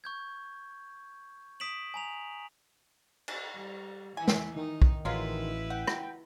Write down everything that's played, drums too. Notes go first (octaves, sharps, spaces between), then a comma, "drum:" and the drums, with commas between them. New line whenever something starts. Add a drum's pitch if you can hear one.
C#6 G6 G#6
D#6 B6 D7 E7 F#7
G#5 A#5 F7
drum: cymbal
G3
E3 E4 G#5
drum: snare
D#3 D#4
drum: kick B1
A1 F#3 G#3 E4 F4 B4
F#5 G5
drum: rim click